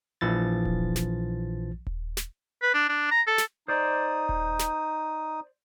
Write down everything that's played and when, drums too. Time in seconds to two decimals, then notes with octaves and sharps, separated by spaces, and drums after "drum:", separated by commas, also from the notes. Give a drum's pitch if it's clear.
0.21 A#1 E3 F3 A6
0.65 drum: kick D#1
0.96 drum: snare
1.87 drum: kick D#1
2.17 drum: snare
2.62 B4
2.74 D4
2.89 D4
3.11 A#5
3.28 A4
3.38 drum: snare
3.68 D#4 C5 D5 D#6
4.29 drum: kick D#1
4.59 drum: snare